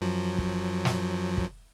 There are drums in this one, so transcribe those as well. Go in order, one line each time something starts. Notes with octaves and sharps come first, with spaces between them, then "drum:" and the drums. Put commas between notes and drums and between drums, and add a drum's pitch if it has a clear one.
F#2 F3 F#3
drum: kick
drum: snare
drum: kick